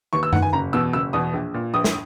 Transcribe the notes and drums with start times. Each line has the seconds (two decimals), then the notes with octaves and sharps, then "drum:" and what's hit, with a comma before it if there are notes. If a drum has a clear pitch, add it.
0.13 D#2 C#6
0.23 E6
0.33 D#3 F#5, drum: tom F#2
0.42 G#5
0.53 F#1 A#5
0.73 E2 B2 E6
0.93 F#1 E6
1.13 E2 B2 D#6
1.33 A#1
1.54 A#2
1.74 A#1 D#6
1.84 drum: snare